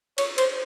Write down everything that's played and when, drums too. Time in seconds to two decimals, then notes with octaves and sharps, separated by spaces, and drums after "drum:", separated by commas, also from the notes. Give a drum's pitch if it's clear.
0.18 C#5, drum: cymbal
0.38 C5, drum: cymbal